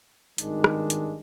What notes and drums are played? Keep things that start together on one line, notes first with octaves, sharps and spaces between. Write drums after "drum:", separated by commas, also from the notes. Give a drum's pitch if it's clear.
G#1 G2 D#3 G#3 D4, drum: hi-hat
drum: rim click
drum: hi-hat